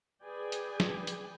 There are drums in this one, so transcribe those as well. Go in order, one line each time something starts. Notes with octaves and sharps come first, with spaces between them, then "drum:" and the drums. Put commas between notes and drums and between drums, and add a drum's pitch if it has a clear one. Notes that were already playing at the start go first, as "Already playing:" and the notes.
G#4 B4 D5 G5 G#5
drum: hi-hat
drum: snare
drum: hi-hat